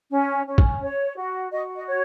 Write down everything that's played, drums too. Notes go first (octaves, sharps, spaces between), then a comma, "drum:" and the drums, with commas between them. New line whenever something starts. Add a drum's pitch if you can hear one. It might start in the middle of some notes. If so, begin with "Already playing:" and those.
C#4
C#4
drum: kick
C#5
F#4
F#4 D#5
D#5
C#5